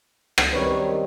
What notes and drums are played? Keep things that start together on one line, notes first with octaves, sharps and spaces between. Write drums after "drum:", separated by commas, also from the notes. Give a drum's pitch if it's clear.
drum: rim click
F#2 D#3 G3 C4 D#4 B4 C#5